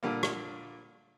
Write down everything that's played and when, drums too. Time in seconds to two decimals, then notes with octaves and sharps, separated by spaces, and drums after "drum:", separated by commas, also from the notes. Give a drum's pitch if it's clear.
0.03 A#2 D3 G3 A#3
0.23 drum: rim click